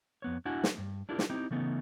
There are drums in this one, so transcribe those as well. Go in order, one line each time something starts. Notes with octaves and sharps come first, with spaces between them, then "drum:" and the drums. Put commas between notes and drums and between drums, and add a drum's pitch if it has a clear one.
F2 B3 C#5
D4 E4 F#4 E5 F#5 G#5
drum: snare
G2
D4 E4 F4 G4 A#4
drum: snare
C4 D#4 E4 G4
C#3 E3 A3 B3 C#4 D#4